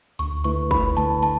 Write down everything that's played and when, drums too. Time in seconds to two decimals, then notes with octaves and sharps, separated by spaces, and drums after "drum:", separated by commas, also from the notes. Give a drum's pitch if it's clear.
0.19 D2 C#6, drum: hi-hat
0.44 D3 A3 E4 B4 C#6, drum: hi-hat
0.71 D2 B5, drum: kick, hi-hat
0.97 D3 A3 E4 B4 A5, drum: hi-hat
1.22 D3 A5, drum: hi-hat